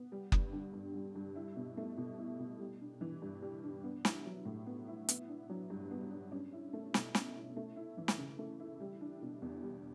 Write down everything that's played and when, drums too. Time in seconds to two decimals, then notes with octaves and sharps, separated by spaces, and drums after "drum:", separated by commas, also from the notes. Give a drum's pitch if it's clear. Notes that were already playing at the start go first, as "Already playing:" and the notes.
Already playing: B3
0.12 G3
0.32 G2, drum: kick F#1
0.53 D3
0.74 G2
0.94 G3
1.15 G2
1.36 E4
1.56 B2
1.77 A3
1.97 B2
2.18 E4
2.39 B2
2.59 G3
2.81 D4
3.01 E3
3.22 G2
3.42 G3
3.64 D4
3.84 B3
4.05 E4, drum: snare
4.26 F#3
4.45 A2
4.66 B3
4.88 E4
5.09 B3, drum: hi-hat
5.29 D4
5.50 F#3
5.70 G2
5.91 B3
6.11 D4
6.32 C#4
6.53 E4
6.73 A3
6.94 B2, drum: snare
7.15 C#4, drum: snare
7.35 E4
7.56 A3
7.76 E4
7.97 E3
8.08 drum: snare
8.18 C#3
8.39 A3
8.60 E4
8.80 G3
9.01 D4
9.22 B2
9.42 E2
9.63 G3